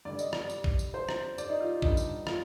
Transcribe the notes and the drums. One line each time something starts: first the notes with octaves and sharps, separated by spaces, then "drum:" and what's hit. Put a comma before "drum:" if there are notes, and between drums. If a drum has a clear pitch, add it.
G2 D3 G3 D5
D#5, drum: tambourine
D5, drum: rim click
drum: tambourine
drum: kick
drum: tambourine
C5
drum: rim click
D5, drum: tambourine
D#4
F4
G2 D3 G3 D#4, drum: kick
drum: tambourine
F4, drum: rim click